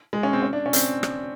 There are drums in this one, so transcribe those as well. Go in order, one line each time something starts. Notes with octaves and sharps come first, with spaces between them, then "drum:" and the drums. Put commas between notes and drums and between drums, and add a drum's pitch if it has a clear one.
G#3
C#4
C4
C#4
D4
C#4
C4, drum: hi-hat
drum: rim click